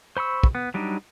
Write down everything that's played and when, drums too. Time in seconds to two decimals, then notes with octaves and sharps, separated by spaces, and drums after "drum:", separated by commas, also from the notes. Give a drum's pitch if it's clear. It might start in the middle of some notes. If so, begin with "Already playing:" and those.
0.17 C5 B5 C#6 E6
0.43 drum: kick
0.55 B3
0.74 F#3 G3 D4 D#4